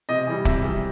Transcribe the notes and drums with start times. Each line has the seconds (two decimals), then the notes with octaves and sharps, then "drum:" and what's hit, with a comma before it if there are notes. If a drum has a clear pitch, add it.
0.09 C3 D#5
0.27 E3 G3
0.45 C3 E5, drum: kick
0.63 E3 G3